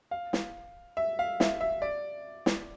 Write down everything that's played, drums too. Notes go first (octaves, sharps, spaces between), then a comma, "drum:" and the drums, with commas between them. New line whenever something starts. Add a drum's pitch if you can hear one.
F5
drum: snare
E5
F5
E5, drum: snare
E5
D5
drum: snare